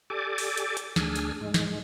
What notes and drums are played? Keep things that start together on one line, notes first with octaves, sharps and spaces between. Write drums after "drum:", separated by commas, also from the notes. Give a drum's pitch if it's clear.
G4 A4 D5 G#5 D6
drum: open hi-hat
drum: hi-hat
drum: hi-hat
D2 D4 G#4 G#5 E6 F6, drum: snare
drum: hi-hat
G#2 G#3
drum: snare